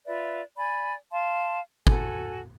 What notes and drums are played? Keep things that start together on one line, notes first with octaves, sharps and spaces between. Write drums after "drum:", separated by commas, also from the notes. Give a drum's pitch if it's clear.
F4 B4 D5 E5
D5 G#5 B5
F5 A5 C6
F#4 A4 G#5, drum: kick